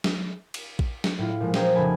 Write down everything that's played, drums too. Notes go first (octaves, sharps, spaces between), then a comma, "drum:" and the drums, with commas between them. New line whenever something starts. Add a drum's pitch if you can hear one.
drum: snare
drum: cymbal
drum: kick
drum: snare
A2 E4 F4
A#2 F3 G#3
G#4 A#4 C5 G5 C6 D#6, drum: snare
F1 C#3 A4 D#5 G#5 B5